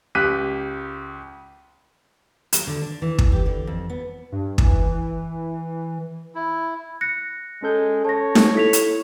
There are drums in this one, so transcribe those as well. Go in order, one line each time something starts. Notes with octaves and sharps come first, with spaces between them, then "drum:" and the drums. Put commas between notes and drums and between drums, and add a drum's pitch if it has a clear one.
C#2 G4 F#6 B6 D#7
F#3, drum: hi-hat
D3
D4
E3
drum: kick
G4
D3
F2
B3
G2
E3, drum: kick
E4
F#6 A#6 C#7
G#3 C#4 A4 G6
C#5 A5 A#6
drum: snare D#4
E4 A4 B6 F7
drum: hi-hat